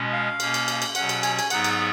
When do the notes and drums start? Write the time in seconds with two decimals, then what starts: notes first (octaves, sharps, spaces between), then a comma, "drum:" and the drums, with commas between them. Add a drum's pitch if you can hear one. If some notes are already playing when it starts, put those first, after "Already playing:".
Already playing: B2 G#3 C#4
0.13 F5
0.40 B2 A#3 C#4, drum: cymbal
0.54 drum: cymbal
0.68 drum: cymbal
0.82 drum: cymbal
0.95 B2 F#3 C#4 F#5, drum: cymbal
1.09 drum: cymbal
1.23 G#5, drum: cymbal
1.39 G#5, drum: cymbal
1.50 G#2 F#3 B3 D#4 F#5, drum: cymbal
1.64 drum: cymbal